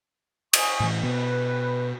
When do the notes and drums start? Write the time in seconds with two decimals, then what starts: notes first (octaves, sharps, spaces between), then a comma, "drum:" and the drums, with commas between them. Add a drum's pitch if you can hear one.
0.53 G#5 C#6 D#6, drum: cymbal
0.80 A2 E3
1.03 B2 B3 B4